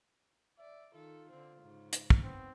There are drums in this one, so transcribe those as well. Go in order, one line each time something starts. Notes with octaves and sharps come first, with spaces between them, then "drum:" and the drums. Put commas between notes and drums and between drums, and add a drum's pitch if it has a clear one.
D5 E5
D#3 F4 A4
D3 C4
G#2 C#3
drum: hi-hat
drum: kick
B3 C4